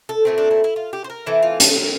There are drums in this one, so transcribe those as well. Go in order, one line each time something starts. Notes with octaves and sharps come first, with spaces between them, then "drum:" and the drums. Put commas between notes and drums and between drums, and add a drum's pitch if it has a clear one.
A4
A#2 A3 C4
D4
E4
E4
F4
G4
C5
A#4
E3 A3 C4 E4
F4
A4, drum: hi-hat
A#4